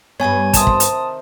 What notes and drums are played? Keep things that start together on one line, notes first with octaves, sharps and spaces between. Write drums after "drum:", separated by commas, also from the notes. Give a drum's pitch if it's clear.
G2 B3 C#5 G#5 G#6
C3 D#3 C5 A5 D#6, drum: kick, hi-hat
drum: kick
drum: hi-hat